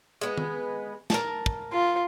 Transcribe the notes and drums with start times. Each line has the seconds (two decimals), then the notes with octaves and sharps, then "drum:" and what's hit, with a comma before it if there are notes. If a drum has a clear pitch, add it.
0.21 G#3 B3
0.37 drum: tom D#3
1.10 A#4 A5, drum: snare
1.46 drum: kick
1.73 F4